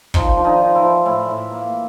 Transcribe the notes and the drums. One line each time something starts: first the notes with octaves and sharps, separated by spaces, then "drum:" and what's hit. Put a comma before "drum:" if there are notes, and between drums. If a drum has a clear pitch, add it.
D#3 F3 D#4, drum: kick
F3 D4
D#3 D#4
F3
E3 E4
F3
A2 E3 E4
A2
A#3